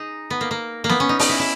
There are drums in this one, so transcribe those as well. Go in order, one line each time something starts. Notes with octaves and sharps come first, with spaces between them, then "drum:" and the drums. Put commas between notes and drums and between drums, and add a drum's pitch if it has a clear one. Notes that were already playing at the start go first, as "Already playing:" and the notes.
Already playing: D#4 G#4
B3
A#3
A#3
A#3
B3, drum: snare
C#4
D#4
D#4, drum: open hi-hat
E4
E4